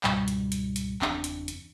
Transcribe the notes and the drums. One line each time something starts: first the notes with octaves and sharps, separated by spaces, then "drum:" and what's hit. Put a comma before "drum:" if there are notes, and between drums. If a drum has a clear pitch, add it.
C#2 G#2 B2 G3, drum: clap
drum: hi-hat
drum: hi-hat
drum: hi-hat
F#1 E2 C4 D4, drum: clap
drum: hi-hat
drum: hi-hat